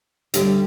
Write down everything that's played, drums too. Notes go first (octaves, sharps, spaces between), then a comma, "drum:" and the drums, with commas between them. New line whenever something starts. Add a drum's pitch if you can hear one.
D2 D3 G3 D4 G4, drum: hi-hat